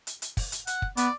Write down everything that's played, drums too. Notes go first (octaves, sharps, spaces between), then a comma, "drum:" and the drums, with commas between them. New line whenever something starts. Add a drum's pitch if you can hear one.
drum: hi-hat
drum: hi-hat
drum: kick, open hi-hat
drum: hi-hat
F#5, drum: hi-hat
drum: kick
B3 D5, drum: hi-hat